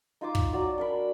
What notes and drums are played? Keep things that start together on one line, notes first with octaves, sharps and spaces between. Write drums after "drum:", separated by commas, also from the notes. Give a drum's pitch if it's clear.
D#4 F4 C5 D6
drum: kick
F#3 D5
D4 A#4 B5